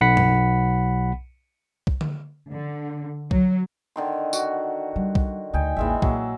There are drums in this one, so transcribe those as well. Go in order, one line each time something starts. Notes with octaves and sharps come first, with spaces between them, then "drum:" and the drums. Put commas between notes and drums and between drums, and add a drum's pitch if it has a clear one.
B1 F#5 B5 B6
drum: tom F#2
drum: kick
drum: tom D3
D3
F#3, drum: kick
D3 D#3 C6
F#4, drum: tambourine
G3
drum: kick
D2 D#4 G5 G#5
A1 D#2 E3 G#3 E5
A#1 F#3, drum: kick